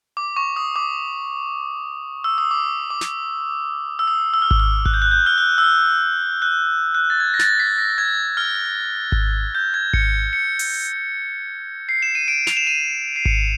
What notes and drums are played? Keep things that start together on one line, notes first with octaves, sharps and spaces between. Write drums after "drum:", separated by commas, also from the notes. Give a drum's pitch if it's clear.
D6
C#6
D#6
D6
E6
D#6
D6
D6
drum: snare
E6
D#6
E6
F6
E6, drum: kick G#1
F6
F#6, drum: kick G#1
G6
F#6
G6
F6
F#6
E6
F6
F#6
F#6
A6
G#6
A#6
A6, drum: snare
B6
A#6
G#6
F6
drum: kick G#1
G6
G#6
C#7, drum: kick G#1
C#7
drum: open hi-hat
C7
E7
D#7
D7
F7, drum: snare
E7
D#7
C7
C#7, drum: kick G#1